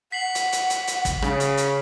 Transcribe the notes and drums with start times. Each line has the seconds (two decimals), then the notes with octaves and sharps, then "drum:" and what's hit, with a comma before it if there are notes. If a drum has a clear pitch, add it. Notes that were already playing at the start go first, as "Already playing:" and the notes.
0.12 F#5 B6 C7 F#7
0.35 drum: hi-hat
0.52 drum: hi-hat
0.70 drum: hi-hat
0.87 drum: hi-hat
1.05 drum: kick, hi-hat
1.22 C#3, drum: rim click
1.40 drum: hi-hat
1.57 drum: hi-hat